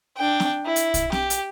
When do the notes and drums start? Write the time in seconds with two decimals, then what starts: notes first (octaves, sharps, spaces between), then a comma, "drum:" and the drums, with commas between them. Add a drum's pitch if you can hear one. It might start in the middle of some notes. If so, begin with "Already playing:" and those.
0.17 D4 G5
0.40 drum: snare C4
0.66 E4
0.76 drum: hi-hat
0.94 drum: kick, hi-hat
1.12 G4, drum: snare C4
1.30 drum: hi-hat